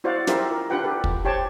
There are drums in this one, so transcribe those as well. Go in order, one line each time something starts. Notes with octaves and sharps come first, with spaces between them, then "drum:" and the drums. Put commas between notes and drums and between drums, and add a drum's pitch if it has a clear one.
E4 F#4 C5 D5 F5 F#5
E4 F4 G4 A#4 C5 E5, drum: snare
A#4
D4 F4 G4 B4 F#5 G5
G4 A4 B4
drum: kick
G4 C5 C#5 G5 A5